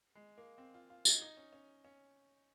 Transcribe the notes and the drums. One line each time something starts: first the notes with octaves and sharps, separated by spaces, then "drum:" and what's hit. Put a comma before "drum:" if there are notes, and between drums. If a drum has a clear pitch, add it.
G#3
A#3
C4
F4
F4
D#4, drum: tambourine
D#4
C#4
C#4
C#4